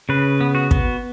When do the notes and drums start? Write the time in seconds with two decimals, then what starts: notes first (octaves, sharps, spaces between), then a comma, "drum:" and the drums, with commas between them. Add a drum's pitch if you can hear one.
0.09 C#3 B4
0.41 B3
0.55 F#4
0.71 B3, drum: kick